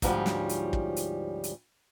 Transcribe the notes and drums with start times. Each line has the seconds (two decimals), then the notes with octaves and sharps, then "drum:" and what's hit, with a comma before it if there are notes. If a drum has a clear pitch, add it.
0.02 D2 G#2 F3 G3 C#4, drum: kick, hi-hat
0.26 drum: snare
0.49 drum: hi-hat
0.73 drum: kick
0.96 drum: hi-hat
1.44 drum: hi-hat